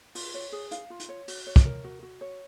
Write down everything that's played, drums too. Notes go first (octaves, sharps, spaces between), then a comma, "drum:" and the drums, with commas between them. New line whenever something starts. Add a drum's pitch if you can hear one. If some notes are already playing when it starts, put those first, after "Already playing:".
F4, drum: open hi-hat
C#5
G#4
F5, drum: hi-hat
F4
drum: hi-hat
C#5
F#4, drum: open hi-hat
C#5
drum: kick, hi-hat
A#4
F#4
F#4
C#5